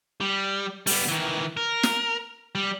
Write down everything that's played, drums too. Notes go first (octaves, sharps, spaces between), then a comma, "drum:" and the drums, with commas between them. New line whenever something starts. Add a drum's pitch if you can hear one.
G3
G3 B3, drum: open hi-hat
D#3 E3
A#4
drum: snare
G3